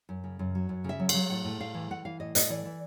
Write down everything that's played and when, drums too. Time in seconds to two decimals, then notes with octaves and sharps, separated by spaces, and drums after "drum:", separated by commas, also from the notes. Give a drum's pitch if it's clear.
0.09 F#2
0.24 C#3
0.39 F#2
0.55 F#3
0.69 F#2
0.84 C#3 E5
1.00 F#3
1.09 F5, drum: cymbal
1.14 F#3
1.30 A2 F#5
1.45 A2
1.60 A2 F5
1.75 E3
1.90 E3 F#5
2.05 E3 F5
2.20 A2 D#5
2.35 A2 D#5, drum: hi-hat
2.50 E3 D5
2.65 E3